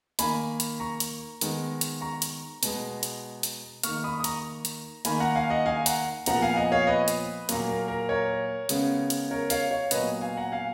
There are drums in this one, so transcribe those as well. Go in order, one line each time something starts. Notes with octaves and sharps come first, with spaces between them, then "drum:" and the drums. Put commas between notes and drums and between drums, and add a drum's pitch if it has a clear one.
D#3 A#3 G#5 B5, drum: hi-hat
drum: hi-hat
A#5 C#6
drum: hi-hat
D#3 G#3 B3, drum: hi-hat
drum: hi-hat
A#5 C#6
drum: hi-hat
B2 G#3 B3, drum: hi-hat
drum: hi-hat
drum: hi-hat
D#3 A#3 C#6 F6, drum: hi-hat
B5 D#6
D#6
A#5 C#6, drum: hi-hat
drum: hi-hat
D#3 A#3 G#5 B5, drum: hi-hat
F#5 A#5
F5 G#5
D#5 F#5
F5 G#5
F#5 A#5, drum: hi-hat
A#2 F3 B3 F#5 A#5, drum: hi-hat
F5 G#5
D#5 F#5
C#5 F5
B4 D#5
drum: hi-hat
A#2 F#3 A#3, drum: hi-hat
A#4
A#4
A#4 C#5
C#3 G#3 B3, drum: hi-hat
drum: hi-hat
A#4 C#5
C#5 F5, drum: hi-hat
C#5 F5
A#2 F#3 B3 B4 D#5, drum: hi-hat
F5 G#5
F#5 A#5
F5 G#5